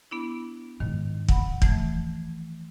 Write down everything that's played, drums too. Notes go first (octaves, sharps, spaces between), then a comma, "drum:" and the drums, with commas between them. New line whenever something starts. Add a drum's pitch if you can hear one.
B3 D4 E4
G#2 D#3 D#4
F#5 B5, drum: kick
E3 F3 A3 G#6, drum: kick